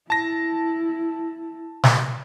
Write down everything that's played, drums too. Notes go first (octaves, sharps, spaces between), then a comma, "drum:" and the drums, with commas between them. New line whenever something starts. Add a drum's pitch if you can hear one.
E4 A5 A#6
drum: snare